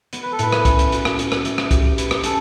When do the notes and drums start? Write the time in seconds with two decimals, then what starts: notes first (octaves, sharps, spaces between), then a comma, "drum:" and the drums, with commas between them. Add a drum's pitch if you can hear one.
0.13 B3, drum: hi-hat
0.23 B4
0.32 A4
0.39 A2 B4, drum: hi-hat
0.52 drum: rim click
0.65 C#4, drum: kick, hi-hat
0.79 drum: hi-hat
0.92 F#4, drum: hi-hat
1.05 drum: rim click
1.19 F#4, drum: hi-hat
1.32 drum: rim click
1.45 A3, drum: hi-hat
1.58 drum: rim click
1.71 G4, drum: kick, hi-hat
1.98 B4, drum: hi-hat
2.11 drum: rim click
2.24 C#4 A4, drum: hi-hat